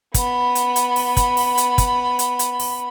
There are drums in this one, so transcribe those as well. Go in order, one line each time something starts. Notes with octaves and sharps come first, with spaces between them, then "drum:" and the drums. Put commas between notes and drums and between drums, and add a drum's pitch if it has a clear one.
B3 B5, drum: kick, hi-hat
drum: hi-hat
drum: hi-hat
drum: open hi-hat
drum: kick, hi-hat
drum: open hi-hat
drum: hi-hat
drum: kick, hi-hat
drum: hi-hat
drum: hi-hat
drum: open hi-hat